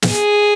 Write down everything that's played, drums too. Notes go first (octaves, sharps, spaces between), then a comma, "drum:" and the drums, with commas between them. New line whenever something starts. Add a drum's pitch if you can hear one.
drum: snare
G#4